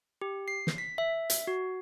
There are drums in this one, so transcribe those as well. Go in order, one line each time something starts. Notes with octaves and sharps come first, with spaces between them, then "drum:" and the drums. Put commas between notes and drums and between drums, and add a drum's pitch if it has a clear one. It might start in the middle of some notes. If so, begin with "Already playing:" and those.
G4
C7
drum: snare
B6
E5
drum: hi-hat
F#4